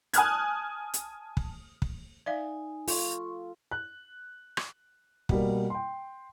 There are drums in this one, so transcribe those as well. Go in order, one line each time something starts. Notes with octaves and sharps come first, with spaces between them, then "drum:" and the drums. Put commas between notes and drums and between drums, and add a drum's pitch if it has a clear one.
G#5 A5 D#6 F6 F#6 G#6, drum: hi-hat
drum: hi-hat
drum: kick
drum: kick
D#4 D5 E5 F5 G#5
F4 A4 C6 C#6, drum: open hi-hat
F#6
drum: rim click
B2 G3 A#3, drum: kick
G5 C6